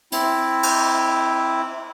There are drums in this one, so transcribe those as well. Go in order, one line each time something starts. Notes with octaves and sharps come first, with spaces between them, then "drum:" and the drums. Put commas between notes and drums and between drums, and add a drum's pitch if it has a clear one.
C4 E4, drum: hi-hat
drum: cymbal